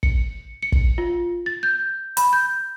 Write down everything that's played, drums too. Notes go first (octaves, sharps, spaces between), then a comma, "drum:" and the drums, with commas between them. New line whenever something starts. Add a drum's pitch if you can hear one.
C#7, drum: kick
C#7
drum: kick
F4
A6
G6
B5, drum: hi-hat
G6